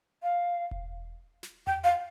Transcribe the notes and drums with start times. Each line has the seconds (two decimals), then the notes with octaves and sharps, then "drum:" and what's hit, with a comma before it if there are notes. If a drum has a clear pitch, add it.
0.23 F5
0.71 drum: kick E1
1.43 drum: snare
1.67 G5, drum: tom E2
1.84 F5